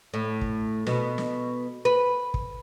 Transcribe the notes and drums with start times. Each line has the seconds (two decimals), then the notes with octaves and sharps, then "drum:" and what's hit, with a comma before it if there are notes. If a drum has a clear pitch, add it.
0.14 A2
0.41 drum: kick
0.87 B2, drum: snare
1.18 drum: snare
1.85 B4
2.34 drum: kick